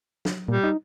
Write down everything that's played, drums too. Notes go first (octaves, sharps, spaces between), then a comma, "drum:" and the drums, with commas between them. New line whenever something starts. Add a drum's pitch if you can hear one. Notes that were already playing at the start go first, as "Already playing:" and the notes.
drum: snare
A#2 G3
D#4